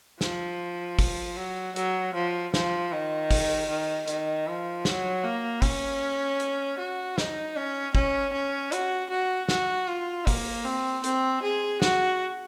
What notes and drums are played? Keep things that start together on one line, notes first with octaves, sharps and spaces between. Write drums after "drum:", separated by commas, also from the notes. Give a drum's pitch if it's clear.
F3, drum: snare
drum: kick, open hi-hat
F#3
F#3, drum: hi-hat
F3
F3, drum: snare
D#3
drum: kick, open hi-hat
D#3
D#3, drum: hi-hat
F3
F#3, drum: snare
A#3
C#4, drum: kick, open hi-hat
drum: hi-hat
F#4
D#4, drum: snare
C#4
C#4, drum: kick
C#4
F#4, drum: hi-hat
F#4
F#4, drum: snare
F4
A#3, drum: kick, open hi-hat
C4
C4, drum: hi-hat
G#4
F#4, drum: snare